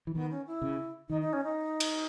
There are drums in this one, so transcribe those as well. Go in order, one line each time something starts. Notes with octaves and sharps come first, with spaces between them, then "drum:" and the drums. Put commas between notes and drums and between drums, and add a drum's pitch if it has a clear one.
E3
D#3 B3
C#4
E4
C#3
D#3 D#4
D#4
C#4
D#4
drum: cymbal